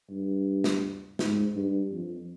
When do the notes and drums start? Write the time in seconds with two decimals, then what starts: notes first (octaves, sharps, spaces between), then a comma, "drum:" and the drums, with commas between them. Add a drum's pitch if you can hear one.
0.10 G2
0.64 drum: snare
1.19 G#2, drum: snare
1.55 G2
1.92 F2